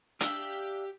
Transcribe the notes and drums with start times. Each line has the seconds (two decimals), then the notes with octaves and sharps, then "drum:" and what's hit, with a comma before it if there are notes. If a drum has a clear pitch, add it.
0.20 D4 G4 E5 F5 G5, drum: hi-hat